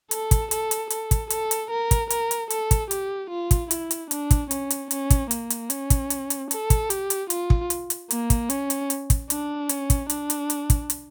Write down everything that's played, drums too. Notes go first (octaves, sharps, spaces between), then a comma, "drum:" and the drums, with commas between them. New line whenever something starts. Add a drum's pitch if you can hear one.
A4, drum: hi-hat
drum: kick, hi-hat
A4, drum: hi-hat
drum: hi-hat
A4, drum: hi-hat
drum: kick, hi-hat
A4, drum: hi-hat
drum: hi-hat
A#4
drum: kick, hi-hat
A#4, drum: hi-hat
drum: hi-hat
A4, drum: hi-hat
drum: kick, hi-hat
G4, drum: hi-hat
F4
drum: kick, hi-hat
E4, drum: hi-hat
drum: hi-hat
D4, drum: hi-hat
drum: kick, hi-hat
C#4, drum: hi-hat
drum: hi-hat
C#4, drum: hi-hat
drum: kick, hi-hat
A#3, drum: hi-hat
drum: hi-hat
C#4, drum: hi-hat
drum: kick, hi-hat
drum: hi-hat
drum: hi-hat
A4, drum: hi-hat
drum: kick, hi-hat
G4, drum: hi-hat
drum: hi-hat
F4, drum: hi-hat
drum: kick
drum: hi-hat
drum: hi-hat
A#3, drum: hi-hat
drum: kick, hi-hat
C#4, drum: hi-hat
drum: hi-hat
drum: hi-hat
drum: kick, hi-hat
D4, drum: hi-hat
C#4, drum: hi-hat
drum: kick, hi-hat
D4, drum: hi-hat
drum: hi-hat
drum: hi-hat
drum: kick, hi-hat
drum: hi-hat